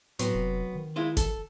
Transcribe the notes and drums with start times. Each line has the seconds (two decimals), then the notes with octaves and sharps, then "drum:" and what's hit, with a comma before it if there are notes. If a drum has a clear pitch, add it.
0.19 A2 F#3 B3 C4, drum: hi-hat
0.34 F1
0.75 D#3
0.96 G#3 E4 F4
1.17 A4, drum: kick G1, hi-hat